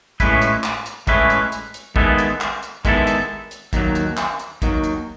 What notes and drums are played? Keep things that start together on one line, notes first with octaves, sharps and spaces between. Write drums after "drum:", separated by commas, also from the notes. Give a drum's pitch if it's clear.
A2 G#3 C#4 E4 B4, drum: kick, hi-hat
drum: hi-hat
drum: clap
drum: hi-hat
A2 G#3 C#4 E4 B4, drum: kick, hi-hat
drum: hi-hat
drum: hi-hat
drum: hi-hat
D#3 G#3 B3 E4 A4, drum: kick
drum: hi-hat
drum: clap
drum: hi-hat
D#3 G#3 B3 E4 A4, drum: kick, hi-hat
drum: hi-hat
drum: hi-hat
D#2 D#3 F#3, drum: kick, hi-hat
drum: hi-hat
drum: clap
drum: hi-hat
D#2 D#3 F#3, drum: kick, hi-hat
drum: hi-hat